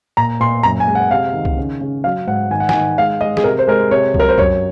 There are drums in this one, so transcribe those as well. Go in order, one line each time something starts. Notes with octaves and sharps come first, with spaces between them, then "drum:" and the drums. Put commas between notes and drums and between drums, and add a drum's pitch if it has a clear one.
A#2 A#5
A#2 C6
F#2 A#5
G#5
G#3
F#5
C3 F5
D#3
drum: kick C2
C#3
C#3
F#3 F5
G#2 F#5
D#3 G#5
F#5
G#5, drum: snare
D#3
G#3 F5
G#3 D#5
G#4, drum: snare
C3 A#4
C5
G#3 A#4
C3 C#5
F#3, drum: kick C2
A#4
C5
F#2 C#5, drum: kick C2